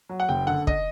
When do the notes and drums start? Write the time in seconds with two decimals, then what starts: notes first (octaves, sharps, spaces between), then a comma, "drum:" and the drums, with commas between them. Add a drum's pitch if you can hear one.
0.09 F#3
0.20 F#5
0.29 F#1 G5
0.47 D3 F#5
0.67 D#5, drum: kick